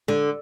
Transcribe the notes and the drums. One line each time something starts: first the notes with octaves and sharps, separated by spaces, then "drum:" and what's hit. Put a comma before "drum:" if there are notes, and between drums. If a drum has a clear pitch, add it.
D3, drum: tom G#3